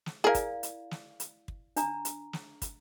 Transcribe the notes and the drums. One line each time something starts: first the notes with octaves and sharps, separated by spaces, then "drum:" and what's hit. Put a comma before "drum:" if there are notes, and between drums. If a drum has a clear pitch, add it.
drum: snare
E4 G#4 A#4 D5 F5
drum: kick, hi-hat
drum: hi-hat
drum: snare
drum: hi-hat
drum: kick
D4 A#5, drum: hi-hat
drum: hi-hat
drum: snare
drum: kick, hi-hat